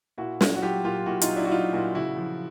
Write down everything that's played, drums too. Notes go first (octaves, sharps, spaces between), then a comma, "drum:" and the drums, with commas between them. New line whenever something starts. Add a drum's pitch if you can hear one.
A#2 E4 F#4
F#3, drum: snare
F#4
F#3 F4 G4
A#2 F4 G4
A#2 E4 F#4
D#4 F4, drum: hi-hat
F#3
D4 E4
F#4
F#3 D#4 F4
A#2 E4 F#4
C#3 E4 F#4
F3